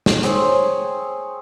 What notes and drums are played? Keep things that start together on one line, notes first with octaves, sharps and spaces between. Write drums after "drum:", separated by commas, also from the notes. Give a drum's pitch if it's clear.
drum: snare
C4 G#4 C#5, drum: hi-hat